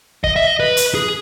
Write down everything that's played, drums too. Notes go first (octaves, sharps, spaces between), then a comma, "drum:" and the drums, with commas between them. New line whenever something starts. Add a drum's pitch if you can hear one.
D#5, drum: kick
E5
D#5
B4
drum: hi-hat
G#4